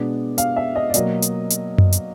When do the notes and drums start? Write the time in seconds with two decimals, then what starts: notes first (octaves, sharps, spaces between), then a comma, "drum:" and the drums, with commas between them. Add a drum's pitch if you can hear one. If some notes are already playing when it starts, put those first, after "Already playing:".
Already playing: B2 G#3 B3 D4
0.38 F5, drum: hi-hat
0.56 E5
0.76 D#5
0.90 D5
0.94 B2 F#3 A#3 D#5, drum: hi-hat
1.22 drum: hi-hat
1.50 drum: hi-hat
1.78 drum: tom F#2
1.92 drum: hi-hat